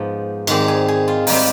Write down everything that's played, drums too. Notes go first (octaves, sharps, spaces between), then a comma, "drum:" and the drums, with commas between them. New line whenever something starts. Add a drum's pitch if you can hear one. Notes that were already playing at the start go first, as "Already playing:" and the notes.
Already playing: G#2 F3 B3
G#2 D#3 G#3 C4 D5, drum: cymbal
G#4
G#4
F4
G#2 G3 C4 D#4, drum: open hi-hat